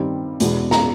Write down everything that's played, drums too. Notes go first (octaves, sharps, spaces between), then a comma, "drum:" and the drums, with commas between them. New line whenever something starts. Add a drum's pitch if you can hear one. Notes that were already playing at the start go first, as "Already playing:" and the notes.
Already playing: G2 D#3 G3 C4
E2 B2 G#3, drum: hi-hat
A#5, drum: snare